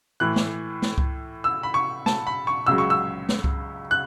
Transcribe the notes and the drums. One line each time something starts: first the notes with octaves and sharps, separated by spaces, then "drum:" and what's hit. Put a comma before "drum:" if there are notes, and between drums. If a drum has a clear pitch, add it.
A2 E3 F#6
drum: snare
drum: snare
drum: kick C#2
E6
B5
C#6
A5, drum: snare
B5
C#6
C#2 C#3 F#3 E6
C#6
E6
drum: snare
drum: kick C#2
F#6